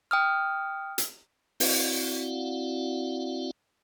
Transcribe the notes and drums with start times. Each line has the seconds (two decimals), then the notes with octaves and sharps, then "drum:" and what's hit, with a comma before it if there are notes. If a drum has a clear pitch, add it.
0.11 G5 D#6 F6
0.98 drum: hi-hat
1.60 C4 E4 F#4 D5 F5 F#5, drum: open hi-hat